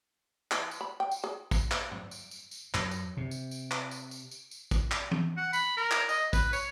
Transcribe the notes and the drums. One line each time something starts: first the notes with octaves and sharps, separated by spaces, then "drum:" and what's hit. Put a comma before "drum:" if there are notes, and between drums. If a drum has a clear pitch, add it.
E3, drum: clap
drum: tambourine
B5
G5
drum: tambourine
G#4
drum: kick, tambourine
drum: clap
drum: tom
drum: tambourine
drum: tambourine
drum: tambourine
F#2, drum: clap
drum: tambourine
C3
drum: tambourine
drum: tambourine
drum: clap
drum: tambourine
drum: tambourine
drum: tambourine
drum: tambourine
drum: kick, tambourine
drum: clap
drum: tom
F#5
B5, drum: tambourine
A#4
drum: clap
D#5, drum: tambourine
B4, drum: kick, tambourine
C#5, drum: tambourine